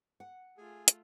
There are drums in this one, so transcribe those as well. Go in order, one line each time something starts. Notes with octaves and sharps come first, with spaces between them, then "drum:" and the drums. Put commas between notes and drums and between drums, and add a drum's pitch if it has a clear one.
F#5
A3 F4 G#4 G#5
drum: hi-hat